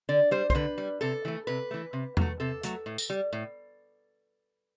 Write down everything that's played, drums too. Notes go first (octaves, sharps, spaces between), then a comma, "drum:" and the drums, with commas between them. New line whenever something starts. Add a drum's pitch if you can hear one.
D3 D5
G3 C5
C5, drum: kick B1
D3 B4
G3
C3 A4
E3 A3
C3 B4
E3 A3
C3
F#3 A3, drum: tom E2
C3 A4
F#3 A3, drum: hi-hat
A2
drum: tambourine
G3
A2